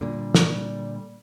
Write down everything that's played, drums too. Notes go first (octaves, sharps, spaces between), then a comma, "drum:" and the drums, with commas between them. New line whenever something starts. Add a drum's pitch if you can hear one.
A#2 D3 G3
drum: snare